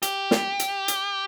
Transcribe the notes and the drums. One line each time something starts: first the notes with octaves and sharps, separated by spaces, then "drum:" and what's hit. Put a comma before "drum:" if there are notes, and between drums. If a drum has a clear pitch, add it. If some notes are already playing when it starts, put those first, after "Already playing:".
G4, drum: hi-hat
drum: snare
drum: hi-hat
drum: hi-hat